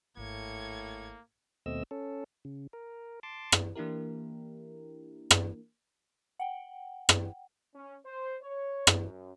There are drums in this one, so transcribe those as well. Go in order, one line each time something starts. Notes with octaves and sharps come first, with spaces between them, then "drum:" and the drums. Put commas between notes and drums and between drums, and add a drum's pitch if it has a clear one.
G#1 A2 A#3 G#6 C#7
D#2 B2 A3 C4 D#5 E6
C#4 A4
C#3
A#4
A5 C6 D6
drum: rim click
E3 A#3 D4 E4 G4 A#4
drum: rim click
F#5 G5
drum: rim click
C#4
C5
C#5
drum: rim click
F#2